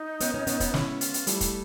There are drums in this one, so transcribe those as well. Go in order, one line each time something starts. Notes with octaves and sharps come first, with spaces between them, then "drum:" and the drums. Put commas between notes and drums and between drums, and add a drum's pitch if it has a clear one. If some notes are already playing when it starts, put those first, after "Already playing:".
Already playing: D#4
B3 C#4, drum: hi-hat
B3 C#4
B3 C#4, drum: hi-hat
B3 C#4, drum: kick, hi-hat
B3 C#4 E4, drum: snare
F4, drum: hi-hat
drum: hi-hat
G3 A3 E4, drum: hi-hat
drum: kick, hi-hat